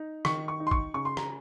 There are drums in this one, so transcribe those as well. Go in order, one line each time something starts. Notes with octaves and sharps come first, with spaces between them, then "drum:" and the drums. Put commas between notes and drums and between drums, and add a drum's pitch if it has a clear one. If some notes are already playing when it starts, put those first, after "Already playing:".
Already playing: D#4
D#3 C#6, drum: rim click
C#6
D#4
C6
C#6, drum: kick A1
C#3 C#6
C6
A#5, drum: rim click